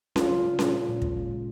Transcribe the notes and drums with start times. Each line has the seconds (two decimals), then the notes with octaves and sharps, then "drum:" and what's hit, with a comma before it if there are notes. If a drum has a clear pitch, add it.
0.16 F#3 C#4 F4, drum: snare C#4
0.30 C#3
0.45 C#3
0.59 A#2, drum: snare C#4
0.73 G#3
0.88 A#2
1.02 G#3, drum: kick
1.17 G#3
1.31 C#3